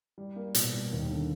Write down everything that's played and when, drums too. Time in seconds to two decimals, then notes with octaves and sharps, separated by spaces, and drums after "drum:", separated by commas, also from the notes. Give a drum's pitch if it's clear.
0.18 G3
0.36 A#3
0.55 B2, drum: hi-hat
0.74 G3
0.92 D#2
1.10 D3